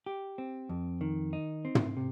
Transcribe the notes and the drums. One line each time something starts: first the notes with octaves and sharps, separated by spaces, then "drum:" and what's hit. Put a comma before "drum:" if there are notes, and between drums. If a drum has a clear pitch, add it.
G4
C4
F2
D#3
D#4
C4
drum: tom
C3